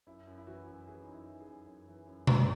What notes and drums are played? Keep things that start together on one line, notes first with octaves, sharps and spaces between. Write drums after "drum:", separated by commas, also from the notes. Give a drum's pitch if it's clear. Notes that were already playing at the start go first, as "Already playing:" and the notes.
F#2 E4
F#2
E4
E3 F#4
F#2
E3 G#4
D#4
F#2
E4
E3
G#4
F#2
F#2
E3
F#2
F#2, drum: tom B2